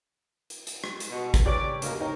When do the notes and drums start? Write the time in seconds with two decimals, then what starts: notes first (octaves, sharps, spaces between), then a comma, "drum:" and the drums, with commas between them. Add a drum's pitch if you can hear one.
0.50 drum: hi-hat
0.67 drum: hi-hat
0.84 drum: rim click
1.00 drum: hi-hat
1.10 B2
1.34 drum: kick G#1, hi-hat
1.46 G4 B4 C#5 D5
1.82 D2 B2 A#3, drum: hi-hat
2.01 C4 C#4 D#4 A#4